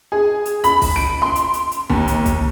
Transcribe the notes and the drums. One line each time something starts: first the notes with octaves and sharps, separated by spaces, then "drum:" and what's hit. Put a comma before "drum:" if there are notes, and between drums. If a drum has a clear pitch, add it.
G#4
drum: hi-hat
B5, drum: hi-hat
drum: kick, open hi-hat
D7
C6
drum: hi-hat
drum: hi-hat
drum: hi-hat
D#2, drum: kick
drum: hi-hat
drum: kick, hi-hat